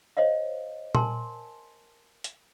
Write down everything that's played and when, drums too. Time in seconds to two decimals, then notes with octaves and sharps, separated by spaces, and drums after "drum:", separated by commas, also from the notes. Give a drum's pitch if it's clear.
0.17 C5 C#5 D#5 F5
0.95 A#4 G#5 A5 C6, drum: tom A#2
2.24 drum: hi-hat